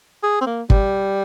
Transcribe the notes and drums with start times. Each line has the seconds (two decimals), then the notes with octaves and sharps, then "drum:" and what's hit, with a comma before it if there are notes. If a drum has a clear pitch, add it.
0.23 G#4
0.41 C4
0.46 A#3
0.70 G3, drum: kick